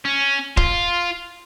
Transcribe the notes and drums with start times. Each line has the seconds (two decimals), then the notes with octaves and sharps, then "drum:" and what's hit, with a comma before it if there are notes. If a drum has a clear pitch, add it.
0.05 C#4
0.57 F4, drum: kick